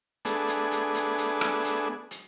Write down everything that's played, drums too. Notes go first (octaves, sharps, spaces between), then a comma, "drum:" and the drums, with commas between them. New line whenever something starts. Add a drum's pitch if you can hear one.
A3 B3 D4 G#4, drum: hi-hat
drum: hi-hat
drum: hi-hat
drum: hi-hat
drum: hi-hat
drum: rim click
drum: hi-hat
drum: hi-hat